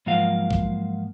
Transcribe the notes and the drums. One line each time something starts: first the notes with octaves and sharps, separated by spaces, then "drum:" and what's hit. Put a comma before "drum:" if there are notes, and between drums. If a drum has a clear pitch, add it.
G#2 F3 F#3 A#3 F5
drum: kick A#1